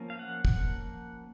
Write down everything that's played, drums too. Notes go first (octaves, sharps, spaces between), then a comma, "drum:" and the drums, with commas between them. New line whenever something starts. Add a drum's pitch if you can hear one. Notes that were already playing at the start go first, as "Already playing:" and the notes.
Already playing: F3 A#3 C#4
F5
F#5
F#5, drum: kick